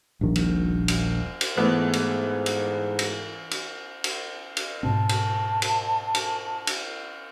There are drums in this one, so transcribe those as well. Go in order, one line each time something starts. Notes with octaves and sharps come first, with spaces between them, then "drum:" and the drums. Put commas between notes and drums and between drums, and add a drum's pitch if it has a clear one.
D#1 A#1 D#3
drum: cymbal
drum: cymbal
drum: cymbal
G#2 E3 A3 B3 C5
drum: cymbal
drum: cymbal
drum: cymbal
drum: cymbal
drum: cymbal
drum: cymbal
G#2 B2 C4 A5
drum: cymbal
drum: cymbal
drum: cymbal
drum: cymbal